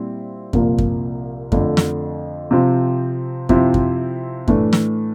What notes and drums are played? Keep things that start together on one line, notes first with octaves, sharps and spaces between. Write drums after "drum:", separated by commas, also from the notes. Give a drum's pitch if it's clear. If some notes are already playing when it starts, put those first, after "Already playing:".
Already playing: A#2 G3 C4 E4
C2 A#2 F3 A#3, drum: kick F#2
drum: kick F#2
F2 D3 A3, drum: kick F#2
drum: snare
C3 F3 C4
C3 F3 C4 E4, drum: kick F#2
drum: kick F#2
A2 E3 A3 D4, drum: kick F#2
drum: snare